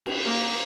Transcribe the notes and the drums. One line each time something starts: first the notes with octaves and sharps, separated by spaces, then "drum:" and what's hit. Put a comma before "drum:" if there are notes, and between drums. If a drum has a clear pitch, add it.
drum: cymbal
A#3